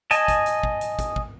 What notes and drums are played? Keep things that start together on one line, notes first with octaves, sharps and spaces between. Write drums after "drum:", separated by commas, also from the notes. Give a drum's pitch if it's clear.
D#5 G#5 A5, drum: hi-hat
drum: kick, hi-hat
drum: hi-hat
drum: kick
drum: hi-hat
drum: kick, hi-hat
drum: kick